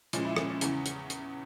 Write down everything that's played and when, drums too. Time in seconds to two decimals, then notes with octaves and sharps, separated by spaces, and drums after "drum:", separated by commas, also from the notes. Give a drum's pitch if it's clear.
0.13 A#2 F3 G#3 C#4, drum: hi-hat
0.25 E4
0.36 C#4, drum: rim click
0.49 C#4
0.61 E2 C#3 E3 C#4, drum: hi-hat
0.86 drum: hi-hat
1.10 drum: hi-hat